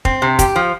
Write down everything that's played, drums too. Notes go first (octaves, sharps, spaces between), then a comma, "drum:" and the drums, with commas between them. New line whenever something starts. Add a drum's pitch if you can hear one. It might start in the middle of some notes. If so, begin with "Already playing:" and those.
C4, drum: kick
C3
G4, drum: kick, hi-hat
F3